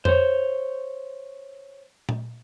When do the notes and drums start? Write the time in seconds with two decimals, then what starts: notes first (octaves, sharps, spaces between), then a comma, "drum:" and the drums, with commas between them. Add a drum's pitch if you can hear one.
0.05 C5 C#5, drum: tom F2
2.09 drum: tom A#2